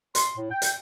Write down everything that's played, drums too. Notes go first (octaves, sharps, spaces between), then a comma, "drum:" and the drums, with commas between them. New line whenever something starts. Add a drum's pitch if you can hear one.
C6, drum: hi-hat
A2
G5
drum: hi-hat